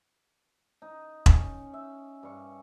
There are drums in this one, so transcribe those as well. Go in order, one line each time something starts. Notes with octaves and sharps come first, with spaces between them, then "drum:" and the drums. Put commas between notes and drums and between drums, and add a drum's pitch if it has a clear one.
D#4
C#4, drum: kick E1
E5
G2 C#6